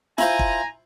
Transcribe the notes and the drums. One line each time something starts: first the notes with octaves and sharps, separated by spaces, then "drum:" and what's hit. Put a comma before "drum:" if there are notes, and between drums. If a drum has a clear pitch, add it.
E4 F4 C5 G#5 A#5, drum: snare
drum: kick